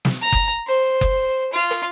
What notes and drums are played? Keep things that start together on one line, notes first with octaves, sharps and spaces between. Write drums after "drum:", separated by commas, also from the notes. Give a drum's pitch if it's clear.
drum: snare
A#5
drum: kick F#1
C5
drum: kick F#1
F4
drum: hi-hat